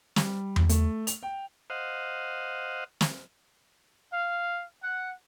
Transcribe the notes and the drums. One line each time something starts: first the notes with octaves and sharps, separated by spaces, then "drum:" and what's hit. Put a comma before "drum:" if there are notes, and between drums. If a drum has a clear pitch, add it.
G3, drum: snare
drum: tom E2
A3, drum: hi-hat
F7, drum: hi-hat
G5
C5 D#5 F5 F#5
drum: snare
F5
F#5